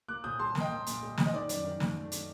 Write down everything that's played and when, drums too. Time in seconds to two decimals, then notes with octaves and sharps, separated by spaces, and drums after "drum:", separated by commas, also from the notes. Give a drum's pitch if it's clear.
0.08 A#3 D6 F#6
0.24 A#2 D#6 G6
0.39 G3 A5 C6
0.55 A#3, drum: snare
0.60 D#5 G5
0.71 A#3
0.86 A#2, drum: hi-hat
1.03 G3
1.18 G3, drum: snare
1.26 D#5
1.33 D#3 D5
1.49 F#2 D5, drum: hi-hat
1.64 D#3
1.80 A3, drum: snare
1.96 A3
2.12 drum: hi-hat